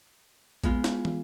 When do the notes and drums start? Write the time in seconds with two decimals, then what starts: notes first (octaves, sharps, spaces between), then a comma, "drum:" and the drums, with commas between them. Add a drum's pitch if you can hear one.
0.64 G#3 B3 F4, drum: kick A1, hi-hat
0.84 drum: snare
1.05 drum: tom